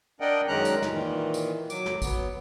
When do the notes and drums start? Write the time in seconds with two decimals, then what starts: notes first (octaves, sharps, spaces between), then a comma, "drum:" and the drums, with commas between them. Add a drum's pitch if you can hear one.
0.20 D4 A#4 D5 D#5 F#5 G5
0.48 F#2 D#3 G#3 C#4 A#5 F#6
0.65 drum: tambourine
0.82 drum: snare
0.91 A#2 D#3 E3
1.34 drum: tambourine
1.70 F#3 D6, drum: tambourine
1.86 drum: snare
2.02 F#3 B3, drum: kick, tambourine